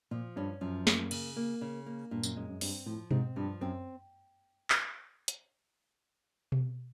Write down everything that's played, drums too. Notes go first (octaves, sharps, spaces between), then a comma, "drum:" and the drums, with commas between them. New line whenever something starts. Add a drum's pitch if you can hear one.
A#2 F3
G2 C#4
F#2 F3
A#3, drum: snare
C#3, drum: cymbal
A#3
C#3
A#3
G2 A#2
F#2, drum: tambourine
F#2 G#3
F#2
G2 C4, drum: open hi-hat
A2 F3
G#2 C4, drum: tom B2
G2 F3
F#2 C4
drum: clap
drum: hi-hat
drum: tom B2